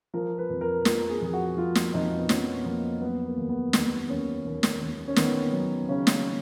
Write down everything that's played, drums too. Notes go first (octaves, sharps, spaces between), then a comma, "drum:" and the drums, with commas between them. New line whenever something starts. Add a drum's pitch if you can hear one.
F3 A#4
B4
F2
A#4
F3 A#4, drum: snare
G#4
F2 G#4
F#4
F3 F4
drum: snare
F2 D#4
B3
F2 C#4, drum: snare
F2 A#3
F#3 B3
A#3
D#2
B3
D#2, drum: snare
D#2 C#4
D#2
drum: snare
D#2
C#4
D#3 B3, drum: snare
F#3
C#3 C#4
drum: snare